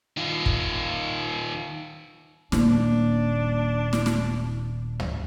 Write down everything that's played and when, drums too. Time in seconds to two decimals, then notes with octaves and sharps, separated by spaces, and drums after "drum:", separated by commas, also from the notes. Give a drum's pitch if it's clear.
0.17 D#3 F4
0.46 drum: kick
2.52 D#1 A#3 D4, drum: snare
3.93 drum: snare
4.06 drum: snare
5.00 drum: tom